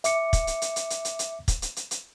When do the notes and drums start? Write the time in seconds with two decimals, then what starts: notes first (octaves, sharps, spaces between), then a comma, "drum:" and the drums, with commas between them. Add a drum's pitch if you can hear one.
0.04 E5 D6 C#7, drum: hi-hat
0.33 drum: kick, hi-hat
0.47 drum: hi-hat
0.62 drum: hi-hat
0.76 drum: hi-hat
0.90 drum: hi-hat
1.05 drum: hi-hat
1.19 drum: hi-hat
1.48 drum: kick, hi-hat
1.62 drum: hi-hat
1.76 drum: hi-hat
1.91 drum: hi-hat